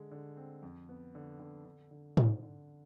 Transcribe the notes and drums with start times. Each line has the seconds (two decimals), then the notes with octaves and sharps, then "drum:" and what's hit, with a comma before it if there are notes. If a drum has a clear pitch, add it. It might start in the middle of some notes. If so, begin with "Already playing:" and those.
Already playing: D3 G#3
0.11 D3
0.37 C4
0.62 F2
0.89 B3
1.15 D3
1.40 D3
1.65 D3
1.91 D3
2.17 D3, drum: tom
2.43 D3